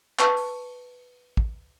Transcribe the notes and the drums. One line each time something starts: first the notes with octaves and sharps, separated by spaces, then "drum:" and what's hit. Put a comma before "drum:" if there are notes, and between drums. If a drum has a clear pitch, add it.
B4 A5 C#6, drum: clap
drum: open hi-hat
drum: kick